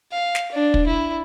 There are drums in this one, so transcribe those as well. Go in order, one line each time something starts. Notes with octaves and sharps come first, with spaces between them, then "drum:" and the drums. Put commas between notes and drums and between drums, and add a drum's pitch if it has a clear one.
F5
drum: snare
D4
drum: kick
E4